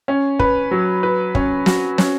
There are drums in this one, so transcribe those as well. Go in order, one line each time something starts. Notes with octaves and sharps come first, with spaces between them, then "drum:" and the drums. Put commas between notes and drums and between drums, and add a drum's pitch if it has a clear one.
C#4
B4, drum: kick
F#3
B4
C#4, drum: kick
F#4, drum: snare
C#4, drum: snare